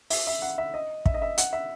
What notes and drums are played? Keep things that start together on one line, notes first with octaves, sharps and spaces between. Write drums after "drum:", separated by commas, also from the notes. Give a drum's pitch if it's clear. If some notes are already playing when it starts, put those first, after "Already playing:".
E5, drum: open hi-hat
E5
F#5
E5
D#5
E5, drum: kick
D#5
E5
F#5, drum: hi-hat
E5